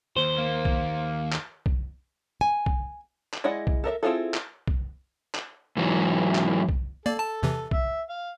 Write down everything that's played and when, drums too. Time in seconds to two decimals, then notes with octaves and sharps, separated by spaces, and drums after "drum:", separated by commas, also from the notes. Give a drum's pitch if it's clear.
0.16 D#2 C5
0.38 A#3
0.65 drum: kick B1
1.32 drum: clap
1.66 drum: kick B1
2.41 G#5
2.66 drum: kick B1
3.33 drum: clap
3.44 G#3 E4 D5 D#5 F#5
3.67 drum: kick B1
3.84 A4 A#4 D#5 E5
4.03 C4 E4 F4 G#4 A4
4.34 drum: clap
4.67 drum: kick B1
5.35 drum: clap
5.77 G#2 E3 F#3
6.35 drum: clap
6.69 drum: kick B1
7.06 A#3 A4 D5
7.19 A5
7.43 E2 C3 E3
7.71 E5, drum: kick B1
8.10 F5